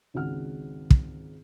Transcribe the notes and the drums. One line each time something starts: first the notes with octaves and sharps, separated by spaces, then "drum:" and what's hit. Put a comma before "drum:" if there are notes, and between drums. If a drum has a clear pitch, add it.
G#1 C#2 G#2 F#4 F#5 F6
drum: kick